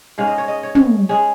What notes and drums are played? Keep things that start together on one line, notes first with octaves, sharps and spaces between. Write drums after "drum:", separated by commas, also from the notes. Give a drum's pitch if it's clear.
G#2 G#3 C#4 F5
D#5
C#5
D#5
C#5
drum: tom
G#3 C#4 G#4